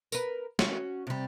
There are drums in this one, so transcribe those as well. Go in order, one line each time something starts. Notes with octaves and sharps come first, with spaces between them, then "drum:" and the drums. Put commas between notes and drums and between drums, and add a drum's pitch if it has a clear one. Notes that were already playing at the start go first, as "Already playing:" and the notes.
A#4 B4, drum: tambourine
C#4 F#4, drum: snare
C3 G3